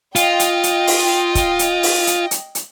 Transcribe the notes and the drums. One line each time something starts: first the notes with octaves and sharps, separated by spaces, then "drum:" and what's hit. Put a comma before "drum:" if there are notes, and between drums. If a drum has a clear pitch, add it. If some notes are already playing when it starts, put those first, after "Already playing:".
F4 D#5 G5, drum: hi-hat
drum: hi-hat
drum: hi-hat
drum: open hi-hat
drum: kick, hi-hat
drum: hi-hat
drum: open hi-hat
drum: hi-hat
drum: hi-hat
drum: hi-hat